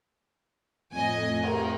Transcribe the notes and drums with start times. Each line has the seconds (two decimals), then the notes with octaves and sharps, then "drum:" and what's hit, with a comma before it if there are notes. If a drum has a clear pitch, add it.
0.93 F2 A2 D#5 G#5
1.43 A#4, drum: cymbal